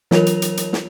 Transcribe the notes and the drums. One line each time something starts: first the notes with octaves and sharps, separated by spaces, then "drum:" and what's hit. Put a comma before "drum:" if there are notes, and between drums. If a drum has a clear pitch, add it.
E3 F#3 F4 A#4 C#5 F7, drum: snare
drum: hi-hat
drum: hi-hat
drum: hi-hat
drum: snare